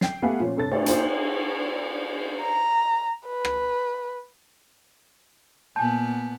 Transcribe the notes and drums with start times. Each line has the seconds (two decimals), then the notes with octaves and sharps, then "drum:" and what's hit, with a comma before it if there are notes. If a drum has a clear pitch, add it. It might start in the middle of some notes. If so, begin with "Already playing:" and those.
0.01 G5 C7, drum: snare
0.22 A3 B3 G4 F5 F#5 G#5
0.40 A#2 F3 C#4
0.57 G2 C3 A4 C#5 A6
0.71 A3, drum: cymbal
0.86 A#3 D#4 F4 C5, drum: hi-hat
2.42 A#5
3.28 B4
3.45 drum: rim click
5.76 A#2 B3 G#5 A5 G6